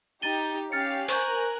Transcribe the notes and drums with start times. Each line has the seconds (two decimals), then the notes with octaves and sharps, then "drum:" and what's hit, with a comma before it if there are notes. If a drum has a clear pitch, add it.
0.22 D#4 G4 A6 D#7 G7
0.72 C#4 G4 F5 F6 A6 C#7
1.08 A#4 C5 G#5 C#6 F#6 G6, drum: open hi-hat